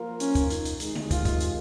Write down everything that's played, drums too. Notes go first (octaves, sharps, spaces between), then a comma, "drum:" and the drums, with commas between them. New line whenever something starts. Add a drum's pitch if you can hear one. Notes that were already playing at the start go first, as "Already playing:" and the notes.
Already playing: F3 A#3 F4 A#4
C#4, drum: hi-hat
drum: kick, hi-hat
D#4, drum: hi-hat
drum: hi-hat
C3 D#3 G#3, drum: hi-hat
drum: tom
F4, drum: kick, hi-hat
drum: kick, hi-hat
drum: hi-hat